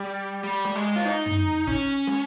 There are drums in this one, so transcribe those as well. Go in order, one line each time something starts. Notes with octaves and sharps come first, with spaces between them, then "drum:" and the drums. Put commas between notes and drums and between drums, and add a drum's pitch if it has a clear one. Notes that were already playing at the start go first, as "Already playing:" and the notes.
Already playing: G3
G3
drum: snare
G#3
F4
D#4
drum: tom
C#4, drum: kick
drum: snare